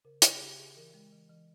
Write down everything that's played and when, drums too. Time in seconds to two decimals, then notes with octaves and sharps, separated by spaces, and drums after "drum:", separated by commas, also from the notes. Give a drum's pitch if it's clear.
0.05 C#3 A#4
0.22 C#3, drum: hi-hat
0.36 G#4
0.41 C#3 G4
0.59 C#3 G#4
0.76 E3 A#4
0.94 G#3
1.12 E3
1.30 E3